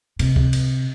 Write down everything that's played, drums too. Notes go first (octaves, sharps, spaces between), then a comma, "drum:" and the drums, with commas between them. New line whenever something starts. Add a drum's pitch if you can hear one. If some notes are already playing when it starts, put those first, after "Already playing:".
C3, drum: cymbal
drum: kick
drum: cymbal